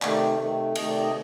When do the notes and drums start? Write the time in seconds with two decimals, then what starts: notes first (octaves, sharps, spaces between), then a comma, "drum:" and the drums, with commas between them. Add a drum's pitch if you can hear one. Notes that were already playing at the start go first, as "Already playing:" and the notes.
0.02 C3 D#3 A3 D5, drum: clap
0.38 C3 D#3 A3
0.75 C3 D#3 A3 D#5, drum: cymbal
0.88 D5
1.01 D#5